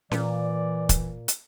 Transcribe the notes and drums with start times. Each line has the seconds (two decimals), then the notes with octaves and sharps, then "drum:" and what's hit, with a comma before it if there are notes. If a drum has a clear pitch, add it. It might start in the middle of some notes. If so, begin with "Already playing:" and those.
0.11 A#2 E3 D5, drum: snare C#4
0.89 drum: kick, hi-hat
1.28 drum: hi-hat